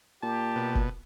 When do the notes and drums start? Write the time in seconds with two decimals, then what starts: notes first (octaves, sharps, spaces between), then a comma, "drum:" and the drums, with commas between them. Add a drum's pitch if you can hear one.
0.23 A#2 G4 A5
0.56 B2
0.75 drum: kick